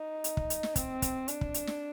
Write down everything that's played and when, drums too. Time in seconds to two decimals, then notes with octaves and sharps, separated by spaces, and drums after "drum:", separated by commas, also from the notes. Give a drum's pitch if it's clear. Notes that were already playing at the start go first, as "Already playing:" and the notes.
Already playing: D#4
0.24 drum: hi-hat
0.37 drum: kick
0.50 drum: hi-hat
0.63 drum: snare
0.76 C4, drum: kick, hi-hat
1.02 drum: kick, hi-hat
1.28 D4, drum: hi-hat
1.41 drum: kick
1.54 drum: hi-hat
1.67 drum: snare